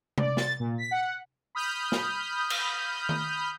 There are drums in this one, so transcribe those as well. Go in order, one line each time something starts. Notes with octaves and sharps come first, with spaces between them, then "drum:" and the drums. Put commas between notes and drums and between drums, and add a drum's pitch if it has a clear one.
D5, drum: tom C3
A6, drum: snare
A#2
B6
F#5
B5 D#6 F6 G6
drum: snare
drum: cymbal
drum: tom D#3